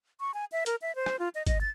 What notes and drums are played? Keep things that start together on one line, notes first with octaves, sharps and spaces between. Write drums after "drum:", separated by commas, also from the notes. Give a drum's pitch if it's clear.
C#6
G#5
E5
A#4, drum: hi-hat
E5
C5
drum: rim click
F4
D#5
D#5, drum: kick, hi-hat
A6